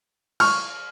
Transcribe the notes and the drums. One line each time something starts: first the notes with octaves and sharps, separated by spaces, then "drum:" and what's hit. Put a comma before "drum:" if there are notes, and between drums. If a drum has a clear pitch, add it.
C#6 F6, drum: cymbal